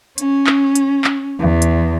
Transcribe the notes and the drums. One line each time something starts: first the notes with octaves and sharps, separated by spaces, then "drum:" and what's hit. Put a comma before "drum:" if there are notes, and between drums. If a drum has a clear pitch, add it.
C#4, drum: hi-hat
drum: clap
drum: hi-hat
drum: clap
E2
drum: hi-hat